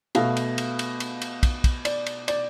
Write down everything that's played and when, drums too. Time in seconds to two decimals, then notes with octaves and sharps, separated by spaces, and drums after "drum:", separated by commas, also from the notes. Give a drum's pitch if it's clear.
0.15 B2 A3 F5, drum: cymbal
0.37 drum: cymbal
0.58 drum: cymbal
0.79 drum: cymbal
1.00 drum: cymbal
1.22 drum: cymbal
1.43 drum: kick, cymbal
1.64 drum: kick, cymbal
1.85 D5, drum: cymbal
2.06 drum: cymbal
2.28 D5, drum: cymbal